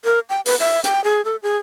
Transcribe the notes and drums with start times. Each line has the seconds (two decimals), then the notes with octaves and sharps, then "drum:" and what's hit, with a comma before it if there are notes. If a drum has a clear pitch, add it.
0.05 A#4
0.30 G5
0.46 B4, drum: open hi-hat
0.60 E5
0.84 G5, drum: hi-hat
1.04 G#4
1.25 A4
1.43 G#4